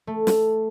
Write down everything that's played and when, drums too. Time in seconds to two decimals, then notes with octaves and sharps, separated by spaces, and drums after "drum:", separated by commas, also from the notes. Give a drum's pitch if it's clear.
0.07 A3
0.27 drum: snare